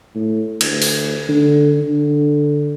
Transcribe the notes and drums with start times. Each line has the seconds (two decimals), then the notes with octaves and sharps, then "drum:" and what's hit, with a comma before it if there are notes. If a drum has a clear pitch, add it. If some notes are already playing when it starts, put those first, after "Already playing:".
0.15 A2
0.61 D2, drum: cymbal
0.82 drum: open hi-hat
1.28 D3
1.80 D3